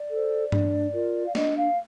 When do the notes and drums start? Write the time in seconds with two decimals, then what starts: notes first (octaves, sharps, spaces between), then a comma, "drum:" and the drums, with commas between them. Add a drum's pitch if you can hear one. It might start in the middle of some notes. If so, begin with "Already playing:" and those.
Already playing: D5
0.11 A4 C5
0.52 D4, drum: tom G2
0.93 F4 A#4
1.25 F5
1.35 D4 D#5, drum: snare
1.56 F5